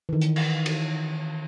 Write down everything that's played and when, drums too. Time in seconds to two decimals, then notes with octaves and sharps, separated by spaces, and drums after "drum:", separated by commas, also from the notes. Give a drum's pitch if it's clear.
0.09 D#3 E3
0.21 drum: hi-hat
0.36 drum: cymbal
0.66 drum: cymbal